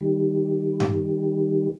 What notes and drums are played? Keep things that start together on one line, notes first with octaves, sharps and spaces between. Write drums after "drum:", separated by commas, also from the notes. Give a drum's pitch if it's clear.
D#3 G3
drum: tom G2